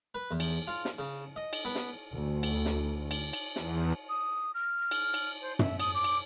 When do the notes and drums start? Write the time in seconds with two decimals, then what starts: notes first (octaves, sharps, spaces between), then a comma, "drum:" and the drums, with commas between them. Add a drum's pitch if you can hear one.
0.15 B4
0.31 E2
0.40 drum: cymbal
0.68 F4
0.85 drum: snare
0.99 C#3
1.36 D#5
1.53 drum: cymbal
1.65 B3
1.75 drum: snare
2.13 D2
2.43 drum: cymbal
2.66 drum: snare
3.11 drum: cymbal
3.33 drum: cymbal
3.56 E2, drum: snare
4.09 D#6
4.54 F6
4.91 drum: cymbal
5.14 drum: cymbal
5.41 C5
5.59 E5, drum: tom
5.80 D#6, drum: cymbal
5.94 D6
6.04 drum: cymbal